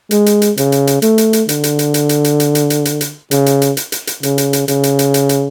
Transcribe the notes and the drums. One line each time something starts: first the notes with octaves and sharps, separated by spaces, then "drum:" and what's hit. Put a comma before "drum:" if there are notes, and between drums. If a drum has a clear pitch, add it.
G#3, drum: hi-hat
drum: hi-hat
drum: hi-hat
C#3, drum: hi-hat
drum: hi-hat
drum: hi-hat
A3, drum: hi-hat
drum: hi-hat
drum: hi-hat
D3, drum: hi-hat
drum: hi-hat
drum: hi-hat
drum: hi-hat
drum: hi-hat
drum: hi-hat
drum: hi-hat
drum: hi-hat
drum: hi-hat
drum: hi-hat
drum: hi-hat
C#3, drum: hi-hat
drum: hi-hat
drum: hi-hat
drum: hi-hat
drum: hi-hat
drum: hi-hat
C#3, drum: hi-hat
drum: hi-hat
drum: hi-hat
C#3, drum: hi-hat
drum: hi-hat
drum: hi-hat
drum: hi-hat
drum: hi-hat